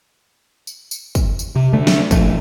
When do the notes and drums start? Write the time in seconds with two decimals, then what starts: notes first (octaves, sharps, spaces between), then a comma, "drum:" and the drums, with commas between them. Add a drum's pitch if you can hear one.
0.67 drum: tambourine
0.91 drum: tambourine
1.15 drum: kick, tambourine
1.39 drum: tambourine
1.56 C3
1.73 D3 A3
1.87 drum: snare
2.11 A#1 A3, drum: kick, tambourine